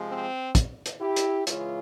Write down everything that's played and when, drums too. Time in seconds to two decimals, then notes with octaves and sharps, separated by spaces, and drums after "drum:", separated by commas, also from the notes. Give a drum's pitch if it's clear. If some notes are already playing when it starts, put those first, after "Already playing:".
Already playing: C3 F3 G#3
0.09 C4
0.55 drum: kick, hi-hat
0.86 drum: hi-hat
1.01 E4 G4
1.16 drum: hi-hat
1.47 C#3 E3 G#3 C#4 F4, drum: hi-hat